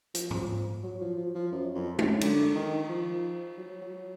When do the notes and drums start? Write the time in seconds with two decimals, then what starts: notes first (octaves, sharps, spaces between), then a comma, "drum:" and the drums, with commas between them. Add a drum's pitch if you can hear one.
0.15 F3, drum: hi-hat
0.31 drum: tom G#2
0.83 F#3
1.01 F3
1.18 F3
1.35 F3
1.52 F#2
1.75 F2
1.99 F#2, drum: tom G#3
2.21 D3, drum: cymbal
2.55 D#3
2.89 F3
3.58 F#3
3.82 F#3